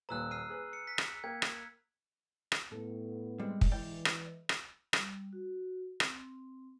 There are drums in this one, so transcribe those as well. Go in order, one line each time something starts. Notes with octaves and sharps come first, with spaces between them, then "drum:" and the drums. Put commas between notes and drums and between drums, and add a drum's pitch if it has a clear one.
D#1 A#2 B4 A#5 E6 F#6
F6 C7 D#7
G#4 B4
C#7
B6
drum: rim click
A#3 G5 G#6
drum: rim click
drum: rim click
A2 B3 A4
G3 G#3 C4
drum: kick
E3 D5 G5
drum: rim click
drum: rim click
G3, drum: rim click
F#4
C4, drum: rim click